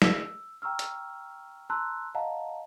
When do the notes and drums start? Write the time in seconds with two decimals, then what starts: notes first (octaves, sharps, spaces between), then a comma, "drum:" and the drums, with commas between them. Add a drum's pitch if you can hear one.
0.02 E6, drum: snare
0.62 G5 A#5 C#6 E6 F6
0.79 drum: hi-hat
1.70 A5 A#5 C6 E6 F#6
2.15 D#5 F5 F#5 A5 A#5